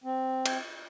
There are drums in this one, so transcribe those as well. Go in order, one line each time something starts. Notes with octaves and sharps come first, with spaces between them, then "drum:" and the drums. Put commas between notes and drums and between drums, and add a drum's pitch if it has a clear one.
C4
drum: cymbal